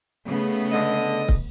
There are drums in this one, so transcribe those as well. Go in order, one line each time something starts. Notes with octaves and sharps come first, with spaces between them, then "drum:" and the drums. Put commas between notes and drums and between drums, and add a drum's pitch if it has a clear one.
C#3 A3 B3
D3 D#5
drum: kick